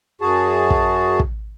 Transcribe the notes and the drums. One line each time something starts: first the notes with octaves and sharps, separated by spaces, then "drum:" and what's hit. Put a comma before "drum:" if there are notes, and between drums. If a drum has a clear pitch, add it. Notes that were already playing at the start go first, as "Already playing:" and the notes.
F#2 F#4 G#4 A5
drum: kick
drum: kick